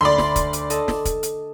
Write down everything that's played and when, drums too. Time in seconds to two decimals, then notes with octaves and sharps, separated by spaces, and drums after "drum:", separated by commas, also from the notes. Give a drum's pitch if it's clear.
0.01 D2 D5 B5 C6
0.18 drum: snare
0.36 drum: kick, hi-hat
0.53 drum: hi-hat
0.70 A4 D#5, drum: hi-hat
0.88 drum: snare
1.05 drum: kick, hi-hat
1.23 drum: hi-hat